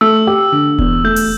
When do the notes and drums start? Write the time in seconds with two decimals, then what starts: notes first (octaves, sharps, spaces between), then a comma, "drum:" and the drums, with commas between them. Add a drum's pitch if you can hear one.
0.01 A3 E6
0.27 G4
0.52 D3
0.79 E2, drum: kick E1
1.04 A3 G6
1.16 drum: open hi-hat